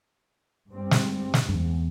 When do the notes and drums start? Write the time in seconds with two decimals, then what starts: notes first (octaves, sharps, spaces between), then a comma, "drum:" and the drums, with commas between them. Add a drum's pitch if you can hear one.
0.70 G2 G3 C4
0.91 drum: snare
1.34 drum: snare
1.49 G2
1.54 E2